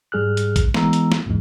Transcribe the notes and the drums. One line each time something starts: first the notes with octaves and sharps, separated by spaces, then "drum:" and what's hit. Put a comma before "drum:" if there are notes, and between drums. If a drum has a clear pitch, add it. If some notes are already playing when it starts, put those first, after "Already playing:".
G#2 G3 G#4 F6 F#6
drum: hi-hat
drum: kick, hi-hat
E3 G#3 B3 A#5 E6, drum: snare
drum: hi-hat
drum: snare
A#1 D#2 G#2 E3 G#3